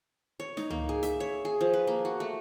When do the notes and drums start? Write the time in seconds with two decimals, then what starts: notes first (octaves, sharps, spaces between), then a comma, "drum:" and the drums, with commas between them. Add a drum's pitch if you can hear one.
0.40 C#5
0.57 D#4, drum: snare
0.70 A#3, drum: tom C#2
0.89 G#4
1.03 E5, drum: hi-hat
1.20 C#5
1.45 G#4
1.61 F3
1.74 B4
1.87 A#3
2.05 F#4
2.20 A3